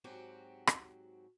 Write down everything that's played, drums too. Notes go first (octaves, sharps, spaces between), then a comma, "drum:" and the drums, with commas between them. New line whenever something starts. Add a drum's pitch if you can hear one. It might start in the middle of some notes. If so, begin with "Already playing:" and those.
G#2 F#3 C4 F#4 G4
drum: rim click